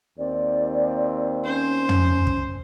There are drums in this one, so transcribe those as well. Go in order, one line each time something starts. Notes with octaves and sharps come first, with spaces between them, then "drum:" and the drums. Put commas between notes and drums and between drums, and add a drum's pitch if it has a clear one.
D#2 C4 D5
C#4 C5
drum: tom
drum: kick